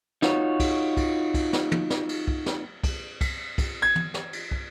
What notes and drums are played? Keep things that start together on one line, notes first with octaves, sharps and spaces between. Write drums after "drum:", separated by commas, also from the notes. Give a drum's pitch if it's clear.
D#4 F4 F#4 C#5, drum: snare
drum: kick, cymbal
drum: kick, cymbal
drum: kick, cymbal
drum: snare
drum: tom
drum: snare
drum: cymbal
drum: kick
drum: snare
drum: kick, cymbal
drum: kick, cymbal
drum: kick, cymbal
G#6
drum: tom
drum: snare
drum: cymbal
drum: kick